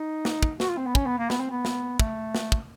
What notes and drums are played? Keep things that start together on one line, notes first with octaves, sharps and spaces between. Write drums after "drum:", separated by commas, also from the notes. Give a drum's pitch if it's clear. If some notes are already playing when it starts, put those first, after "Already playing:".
Already playing: D#4
drum: snare
drum: kick
F#4, drum: snare
F4
C4
B3
C#4, drum: kick
B3
A#3
B3, drum: snare
C4
B3
drum: snare
A3, drum: kick
drum: snare
drum: kick